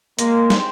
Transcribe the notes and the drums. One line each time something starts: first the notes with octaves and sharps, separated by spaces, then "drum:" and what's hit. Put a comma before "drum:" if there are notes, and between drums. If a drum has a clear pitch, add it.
G#3 A#3, drum: hi-hat
C4, drum: snare